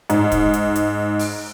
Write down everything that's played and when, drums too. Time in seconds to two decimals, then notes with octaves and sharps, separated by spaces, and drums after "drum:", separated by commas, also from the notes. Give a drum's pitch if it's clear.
0.10 G#2, drum: hi-hat
0.32 drum: kick, hi-hat
0.54 drum: hi-hat
0.76 drum: hi-hat
1.20 drum: open hi-hat